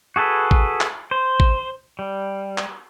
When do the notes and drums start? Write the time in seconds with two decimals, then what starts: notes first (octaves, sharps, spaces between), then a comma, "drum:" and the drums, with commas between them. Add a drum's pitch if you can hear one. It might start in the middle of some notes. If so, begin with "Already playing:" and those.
0.16 F#4 G#4 A4 B4
0.51 drum: kick
0.81 drum: clap
1.11 C5
1.40 drum: kick
1.99 G3
2.58 drum: clap